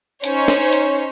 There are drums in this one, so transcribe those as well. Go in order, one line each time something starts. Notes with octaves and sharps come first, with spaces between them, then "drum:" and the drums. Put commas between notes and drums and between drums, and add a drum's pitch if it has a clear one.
C#4 D#4 C5 C#5, drum: hi-hat
drum: snare
drum: hi-hat